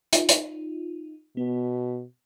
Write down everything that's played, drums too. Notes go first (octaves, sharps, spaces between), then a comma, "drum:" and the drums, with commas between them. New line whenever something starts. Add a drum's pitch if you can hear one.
D#4 F4, drum: hi-hat
drum: hi-hat
B2 B3